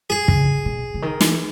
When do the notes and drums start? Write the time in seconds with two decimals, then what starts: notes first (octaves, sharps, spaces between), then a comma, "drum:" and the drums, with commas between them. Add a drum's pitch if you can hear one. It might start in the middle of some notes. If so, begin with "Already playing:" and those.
0.10 G#4
0.28 C#3, drum: kick
0.66 B2
0.94 C#3
1.02 D#3
1.21 E3, drum: snare